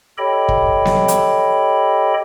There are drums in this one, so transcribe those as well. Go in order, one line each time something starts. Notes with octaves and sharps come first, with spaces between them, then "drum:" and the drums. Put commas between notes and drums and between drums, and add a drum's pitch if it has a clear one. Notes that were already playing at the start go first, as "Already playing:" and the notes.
G4 A4 C#5 D#5 G5 B5
drum: kick
drum: snare B3
drum: hi-hat